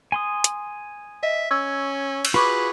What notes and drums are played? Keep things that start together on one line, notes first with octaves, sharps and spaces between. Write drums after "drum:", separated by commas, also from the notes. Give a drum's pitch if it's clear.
G#5 C6 D#6
drum: hi-hat
D#5 E5
C#4 C#6 E6 G#6
drum: cymbal
F4 F#4 G#4 B4 B5 C#6 D6